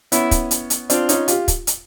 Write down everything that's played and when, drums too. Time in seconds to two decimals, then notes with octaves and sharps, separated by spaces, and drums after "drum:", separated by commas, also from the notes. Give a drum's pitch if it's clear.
0.12 B3 C#4 E4, drum: hi-hat
0.31 drum: kick, hi-hat
0.51 drum: hi-hat
0.70 drum: hi-hat
0.90 C4 D4 F4, drum: hi-hat
1.09 C#4 D#4, drum: hi-hat
1.28 F4 G4, drum: hi-hat
1.48 drum: kick, hi-hat
1.67 drum: hi-hat